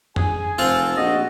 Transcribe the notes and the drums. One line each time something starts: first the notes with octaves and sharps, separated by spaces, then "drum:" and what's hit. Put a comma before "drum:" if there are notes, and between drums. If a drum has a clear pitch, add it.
G#4 G#5, drum: tom F2
F1 C4 F4 A4
A#1 F#4 D#5